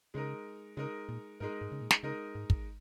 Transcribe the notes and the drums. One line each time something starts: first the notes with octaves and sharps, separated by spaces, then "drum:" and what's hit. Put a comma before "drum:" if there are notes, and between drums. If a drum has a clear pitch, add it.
C#3 G#3 D#4 A#4
C#3 G#3 D#4 A#4
A#2
G#2 G#3 D#4 A#4
G#2
C#3
A#2
drum: snare
C#3 G#3 D#4 A#4
G#2
drum: kick